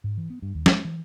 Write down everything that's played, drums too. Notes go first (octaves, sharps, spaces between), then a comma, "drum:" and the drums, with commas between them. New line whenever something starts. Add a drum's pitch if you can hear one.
G#2
E3
B3
G2
D#2
G#3, drum: snare
E3